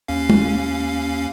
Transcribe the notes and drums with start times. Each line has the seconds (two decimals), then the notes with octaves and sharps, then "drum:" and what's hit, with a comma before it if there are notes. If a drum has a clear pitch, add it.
0.08 D#2 C#4 F5
0.30 drum: tom